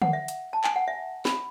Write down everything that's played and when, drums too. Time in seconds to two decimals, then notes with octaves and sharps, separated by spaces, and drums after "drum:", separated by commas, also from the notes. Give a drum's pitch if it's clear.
0.02 F#5, drum: tom D3
0.13 E5
0.28 drum: hi-hat
0.53 A5
0.64 G#5, drum: clap
0.76 F#5
0.88 E5
1.25 B5, drum: snare